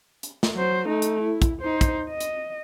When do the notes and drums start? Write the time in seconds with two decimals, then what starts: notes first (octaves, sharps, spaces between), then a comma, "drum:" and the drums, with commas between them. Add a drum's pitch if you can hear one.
0.23 drum: hi-hat
0.43 drum: snare
0.55 F#3 C5
0.87 A3 D#4
1.02 drum: hi-hat
1.21 E4
1.42 drum: kick, hi-hat
1.61 D#4 C5
1.81 drum: kick, hi-hat
2.09 D#5
2.20 drum: hi-hat